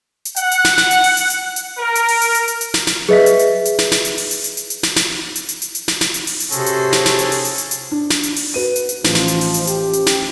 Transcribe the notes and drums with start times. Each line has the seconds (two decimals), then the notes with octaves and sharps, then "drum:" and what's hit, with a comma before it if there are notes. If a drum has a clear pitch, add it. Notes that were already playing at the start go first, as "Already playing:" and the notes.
0.25 drum: hi-hat
0.36 F#5, drum: hi-hat
0.51 drum: hi-hat
0.65 drum: snare
0.78 drum: snare
0.91 drum: hi-hat
1.04 drum: open hi-hat
1.17 drum: hi-hat
1.30 drum: hi-hat
1.56 drum: hi-hat
1.78 A#4
1.95 drum: hi-hat
2.08 drum: open hi-hat
2.22 drum: hi-hat
2.35 drum: hi-hat
2.48 drum: hi-hat
2.61 drum: hi-hat
2.74 drum: snare
2.87 drum: snare
3.09 G#4 B4 D#5 E5 B6
3.26 drum: hi-hat
3.39 drum: hi-hat
3.65 drum: hi-hat
3.79 drum: snare
3.92 drum: snare
4.05 drum: hi-hat
4.18 drum: open hi-hat
4.31 drum: hi-hat
4.44 drum: hi-hat
4.57 drum: hi-hat
4.70 drum: hi-hat
4.83 drum: snare
4.96 drum: snare
5.35 drum: hi-hat
5.49 drum: hi-hat
5.62 drum: hi-hat
5.75 drum: hi-hat
5.88 drum: snare
6.01 drum: snare
6.14 drum: hi-hat
6.27 drum: open hi-hat
6.40 drum: hi-hat
6.52 C3 C#4 F#4 G#4 A4 C5, drum: hi-hat
6.66 drum: hi-hat
6.92 drum: snare
7.06 drum: snare
7.19 drum: hi-hat
7.32 drum: open hi-hat
7.45 drum: hi-hat
7.58 drum: hi-hat
7.71 drum: hi-hat
7.91 D4
8.10 drum: snare
8.23 drum: hi-hat
8.36 drum: open hi-hat
8.54 F#4 B4 D#7
8.76 drum: hi-hat
8.89 drum: hi-hat
9.04 A1 F3, drum: snare
9.15 drum: snare
9.28 drum: hi-hat
9.41 drum: open hi-hat
9.54 drum: hi-hat
9.67 G4, drum: hi-hat
9.93 drum: hi-hat
10.06 drum: snare